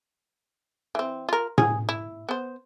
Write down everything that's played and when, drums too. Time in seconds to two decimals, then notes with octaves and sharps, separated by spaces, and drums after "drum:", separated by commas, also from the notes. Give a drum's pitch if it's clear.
0.95 E3 C4
1.29 F4 A#4
1.58 G#4, drum: tom A2
1.89 E4
2.29 B3 C5